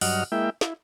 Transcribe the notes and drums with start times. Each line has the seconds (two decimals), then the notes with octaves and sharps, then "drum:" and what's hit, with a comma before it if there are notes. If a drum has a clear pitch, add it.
0.01 G2 F#3 D#5 F#5 F6, drum: open hi-hat
0.32 G#3 A#3 E4 E5 G5
0.61 E4, drum: snare